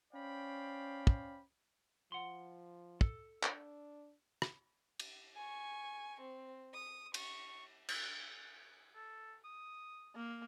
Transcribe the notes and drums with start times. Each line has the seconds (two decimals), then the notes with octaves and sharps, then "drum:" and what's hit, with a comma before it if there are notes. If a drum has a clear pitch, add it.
0.13 C#4 C5 D5 F5 G5 B5
1.07 drum: kick
2.12 F3 F#5 C6
3.01 A4, drum: kick
3.43 D4, drum: clap
4.42 drum: rim click
5.00 drum: cymbal
5.36 G#5 C#6
6.21 C4
6.74 D#6
7.14 C#6, drum: cymbal
7.89 drum: cymbal
8.96 A4
9.44 D#6
10.16 A#3